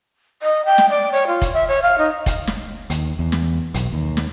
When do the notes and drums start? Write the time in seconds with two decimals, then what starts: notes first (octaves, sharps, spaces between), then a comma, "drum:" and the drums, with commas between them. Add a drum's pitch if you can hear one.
0.42 D#5
0.66 G5
0.78 drum: snare
0.90 D5
1.12 C#5
1.27 F4
1.42 drum: kick F1, hi-hat
1.53 E5
1.68 C#5
1.82 F5
1.98 D#4
2.26 drum: kick F1, hi-hat
2.47 drum: snare
2.90 D#2, drum: hi-hat
3.19 E2
3.32 drum: snare
3.74 B1, drum: hi-hat
3.93 D#2
4.17 drum: snare